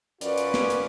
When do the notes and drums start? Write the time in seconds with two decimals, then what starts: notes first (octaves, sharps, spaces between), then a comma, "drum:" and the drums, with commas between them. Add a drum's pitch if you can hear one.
0.21 F#2 C#4 F4 B4 D5, drum: hi-hat
0.38 drum: hi-hat
0.54 drum: snare
0.70 drum: hi-hat